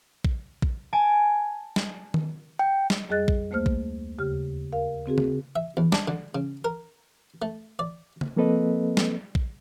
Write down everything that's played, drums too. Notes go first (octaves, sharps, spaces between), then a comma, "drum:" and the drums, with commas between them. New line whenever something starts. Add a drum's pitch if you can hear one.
drum: kick A#1
drum: kick A#1
G#5 A5 D7
drum: snare
drum: tom D#3
G5
drum: snare
F2 G3 G#4 D#5 F#6 A6
drum: kick A#1
D2 A3 A#3 C5 F6
drum: kick A#1
D#2 C#3 G4 F6
A#4 F5
C#3 C4 F#4 G#4
drum: tom C#3
E5
E2
D4, drum: snare
D3
C#3
A#4
A3
D5
drum: tom C#3
F3 A#3 C4 A4 B4 D#5
drum: snare
drum: kick A#1